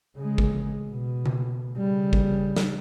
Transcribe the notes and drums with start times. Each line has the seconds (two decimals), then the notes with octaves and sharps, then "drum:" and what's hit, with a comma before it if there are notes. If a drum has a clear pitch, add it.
0.16 C#3 G#3
0.38 drum: kick G#1
0.89 B2
1.26 drum: tom C#3
1.77 C#3 G3
2.13 drum: kick G#1
2.56 drum: snare